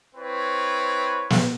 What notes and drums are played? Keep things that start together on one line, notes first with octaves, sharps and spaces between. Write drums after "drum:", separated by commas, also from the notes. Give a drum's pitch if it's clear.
C4 E4 B4 C#5
drum: snare